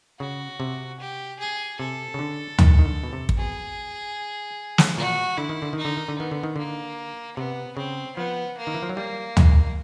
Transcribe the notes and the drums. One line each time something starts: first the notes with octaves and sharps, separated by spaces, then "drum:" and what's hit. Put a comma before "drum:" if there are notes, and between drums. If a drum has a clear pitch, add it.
C#3 F#4
C3
G4
G#4
C3 A4
C#3
D3
D#3, drum: tom
D#3
D3
B2
C3
drum: kick
B2 G#4
drum: snare
A#2 F#4
D3 E4
D#3
D3
D#3
D#4
D3
D#3
D3
D#3 B3
D3
D#3
D3 A#3
C3 B3
C#3 C4
F3 B3
A#3
D#3
E3
F3
F#3
G3 A#3
G#3, drum: tom